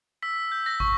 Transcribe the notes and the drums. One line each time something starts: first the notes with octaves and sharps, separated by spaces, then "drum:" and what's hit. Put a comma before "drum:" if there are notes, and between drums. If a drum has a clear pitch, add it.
E6 B6
G6
A#6
C#6, drum: kick